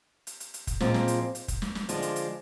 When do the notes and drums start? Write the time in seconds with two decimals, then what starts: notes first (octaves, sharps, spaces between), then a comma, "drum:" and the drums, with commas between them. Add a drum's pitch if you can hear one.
0.27 drum: hi-hat
0.40 drum: hi-hat
0.54 drum: hi-hat
0.67 drum: kick F1, hi-hat
0.80 A#2 F3 G#3 C4, drum: snare
0.94 drum: snare
1.08 drum: hi-hat
1.35 drum: hi-hat
1.48 drum: kick F1, hi-hat
1.62 drum: snare
1.75 drum: snare
1.89 D3 F3 G#3 D4 F4, drum: hi-hat
2.02 drum: hi-hat
2.16 drum: hi-hat